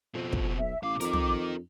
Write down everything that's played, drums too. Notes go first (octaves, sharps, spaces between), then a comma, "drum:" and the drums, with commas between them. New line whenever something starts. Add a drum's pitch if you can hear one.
F2 B2 C4
drum: kick
B1 E5
A1 B2 F5 D6
F2 D#4 A#4, drum: hi-hat
drum: tom